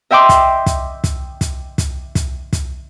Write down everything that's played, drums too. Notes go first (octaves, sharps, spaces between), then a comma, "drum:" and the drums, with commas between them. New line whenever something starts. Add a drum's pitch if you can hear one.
D#5 E5 G5 C6 D6
drum: kick, hi-hat
drum: kick, hi-hat
drum: kick, hi-hat
drum: kick, hi-hat
drum: kick, hi-hat
drum: kick, hi-hat
drum: kick, hi-hat